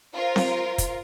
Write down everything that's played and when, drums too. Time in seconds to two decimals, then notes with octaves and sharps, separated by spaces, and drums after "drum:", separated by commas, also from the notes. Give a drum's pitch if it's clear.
0.14 F4 A#4 C5
0.36 drum: snare C4
0.78 drum: kick, hi-hat